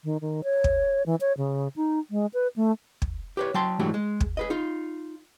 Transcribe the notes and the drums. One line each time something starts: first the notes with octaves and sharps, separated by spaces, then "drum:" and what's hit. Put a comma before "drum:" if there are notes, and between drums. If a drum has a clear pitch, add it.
D#3
D#3
C#5
drum: kick
E3
C#5
C#3
D#4
G#3
B4
A3
drum: kick
G4 B4 C#5
F#3 G5 A5 C6
G#2 E3 F#3 A3 D4 G4
G#3
drum: kick
G#4 B4 D#5
D#4 F4